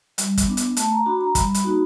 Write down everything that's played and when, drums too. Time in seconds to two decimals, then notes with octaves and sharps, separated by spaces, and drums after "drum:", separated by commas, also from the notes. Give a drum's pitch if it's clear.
0.18 G3, drum: hi-hat
0.38 drum: kick, hi-hat
0.47 B3 D4
0.57 drum: hi-hat
0.77 A3 A5, drum: hi-hat
0.91 A#5
1.06 D4 F#4 B5
1.21 A#5
1.35 G3 B5, drum: kick, hi-hat
1.54 B5, drum: hi-hat
1.64 A#3 D#4 F#4